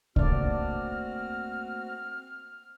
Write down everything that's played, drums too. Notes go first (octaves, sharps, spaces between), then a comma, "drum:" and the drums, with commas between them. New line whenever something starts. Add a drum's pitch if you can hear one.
A3 A#3 C4 D4 F#4 D5 F6, drum: kick C2